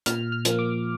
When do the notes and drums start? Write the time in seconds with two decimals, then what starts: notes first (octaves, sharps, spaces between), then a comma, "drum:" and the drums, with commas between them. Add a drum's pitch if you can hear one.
0.06 A#2 F6, drum: hi-hat
0.32 F6
0.45 F3 A#3, drum: hi-hat
0.59 D6